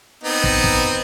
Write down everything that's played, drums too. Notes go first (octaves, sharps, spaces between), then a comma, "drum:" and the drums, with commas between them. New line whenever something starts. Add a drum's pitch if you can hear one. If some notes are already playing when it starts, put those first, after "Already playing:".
B3 C4 D#4
drum: kick
drum: kick